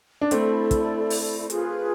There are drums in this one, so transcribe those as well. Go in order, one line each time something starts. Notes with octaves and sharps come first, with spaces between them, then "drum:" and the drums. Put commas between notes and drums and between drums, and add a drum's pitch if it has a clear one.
D4
A3 C4 E4 A4 D5, drum: hi-hat
drum: kick, hi-hat
drum: open hi-hat
F4 G#4 B4, drum: hi-hat